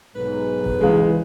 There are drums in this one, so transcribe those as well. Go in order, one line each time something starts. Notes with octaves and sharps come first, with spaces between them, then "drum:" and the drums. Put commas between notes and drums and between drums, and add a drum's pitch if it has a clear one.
B1 G#2 B4
drum: kick G1
C#2 E3 G#3